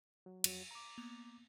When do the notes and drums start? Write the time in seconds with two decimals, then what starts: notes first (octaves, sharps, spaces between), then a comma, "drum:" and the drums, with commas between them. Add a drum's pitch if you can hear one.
0.26 F#3
0.44 F2 F#3, drum: cymbal
0.71 A#5 D6
0.98 A#3 B3 F7